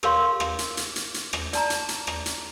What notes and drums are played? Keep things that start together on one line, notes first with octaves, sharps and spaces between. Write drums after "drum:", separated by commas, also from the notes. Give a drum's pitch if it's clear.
G4 A#4 C#5 F5 C6, drum: rim click
drum: rim click
drum: hi-hat
drum: hi-hat
drum: hi-hat
drum: hi-hat
drum: rim click
D5 A5 A#5, drum: hi-hat
drum: hi-hat
drum: hi-hat
drum: rim click
drum: hi-hat